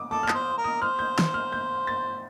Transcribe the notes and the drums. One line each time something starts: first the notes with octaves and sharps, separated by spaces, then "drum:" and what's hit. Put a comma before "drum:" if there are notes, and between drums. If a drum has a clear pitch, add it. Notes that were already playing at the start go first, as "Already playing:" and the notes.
Already playing: D6 D#6
A4 D6
F6
D#6, drum: clap
C5
A#4
D#6
C5 F6
G6
drum: snare
F6
G6
A6